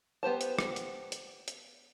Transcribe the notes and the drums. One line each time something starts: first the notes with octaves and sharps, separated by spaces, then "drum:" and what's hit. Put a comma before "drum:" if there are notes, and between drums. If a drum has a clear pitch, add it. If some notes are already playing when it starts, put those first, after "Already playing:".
B3 G4 C5 A5
drum: hi-hat
drum: rim click
drum: hi-hat
drum: hi-hat
drum: hi-hat